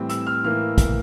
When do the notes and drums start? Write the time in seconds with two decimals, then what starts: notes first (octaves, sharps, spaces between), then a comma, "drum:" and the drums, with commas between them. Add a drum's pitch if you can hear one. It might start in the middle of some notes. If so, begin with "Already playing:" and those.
Already playing: A2 E3 G3 C4
0.09 E6, drum: hi-hat
0.27 F6
0.44 A2 E3 A#3 F6
0.78 drum: kick, hi-hat